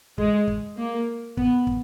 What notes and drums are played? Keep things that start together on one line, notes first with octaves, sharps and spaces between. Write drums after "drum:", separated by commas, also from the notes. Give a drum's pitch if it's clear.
G#3, drum: kick
drum: kick
A#3
B3, drum: kick
drum: kick